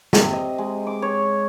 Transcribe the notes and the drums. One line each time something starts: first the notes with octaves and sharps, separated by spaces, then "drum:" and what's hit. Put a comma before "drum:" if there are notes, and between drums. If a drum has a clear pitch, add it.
C3, drum: snare
D#5
G#3
D6
C#5